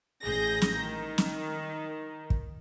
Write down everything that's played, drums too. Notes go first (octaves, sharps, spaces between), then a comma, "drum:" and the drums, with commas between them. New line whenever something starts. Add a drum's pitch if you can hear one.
A1 G#4 G6 A#6
drum: snare
D#3
drum: snare
drum: kick